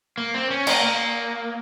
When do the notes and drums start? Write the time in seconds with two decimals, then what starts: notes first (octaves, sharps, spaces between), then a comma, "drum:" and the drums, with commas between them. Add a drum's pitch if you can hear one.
0.18 A#3
0.34 C4
0.51 C#4
0.67 A#3, drum: cymbal
0.83 A#3